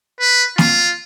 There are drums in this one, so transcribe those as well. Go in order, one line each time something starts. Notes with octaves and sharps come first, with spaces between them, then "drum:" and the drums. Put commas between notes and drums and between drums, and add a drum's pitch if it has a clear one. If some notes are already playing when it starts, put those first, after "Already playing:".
B4
F4, drum: snare A#3